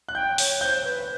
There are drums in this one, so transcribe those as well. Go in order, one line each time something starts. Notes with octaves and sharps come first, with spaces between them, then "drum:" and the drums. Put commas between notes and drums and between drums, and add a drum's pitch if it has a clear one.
F#6
G5 G6
C#5, drum: open hi-hat
C5 G6
B4